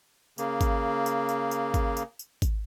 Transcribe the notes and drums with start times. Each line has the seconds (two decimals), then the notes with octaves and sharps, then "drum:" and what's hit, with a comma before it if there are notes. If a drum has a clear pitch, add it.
0.38 C#3 A#3, drum: tambourine
0.61 drum: kick G#1, tambourine
1.06 drum: tambourine
1.29 drum: tambourine
1.51 drum: tambourine
1.74 drum: kick G#1, tambourine
1.97 drum: tambourine
2.19 drum: tambourine
2.42 drum: kick G#1, tambourine